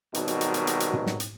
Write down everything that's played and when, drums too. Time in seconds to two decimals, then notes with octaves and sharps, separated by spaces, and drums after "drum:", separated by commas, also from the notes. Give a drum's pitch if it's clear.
0.14 G#1 B2 D#3 F#3 G3, drum: hi-hat
0.28 drum: hi-hat
0.41 drum: hi-hat
0.54 drum: hi-hat
0.67 drum: hi-hat
0.80 drum: hi-hat
0.93 drum: tom
1.07 drum: snare
1.20 drum: hi-hat